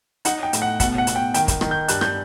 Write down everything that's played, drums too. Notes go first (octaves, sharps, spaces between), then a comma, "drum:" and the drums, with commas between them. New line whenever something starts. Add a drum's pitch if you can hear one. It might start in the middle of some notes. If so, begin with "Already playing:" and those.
D#4 F#5, drum: hi-hat
G5
A2, drum: hi-hat
F#5
B2 F#5, drum: kick, hi-hat
F#5
B2, drum: hi-hat
G5
D#3 G5, drum: hi-hat
drum: kick, hi-hat
D#3, drum: rim click
G6
G2 F#6, drum: hi-hat
G6, drum: rim click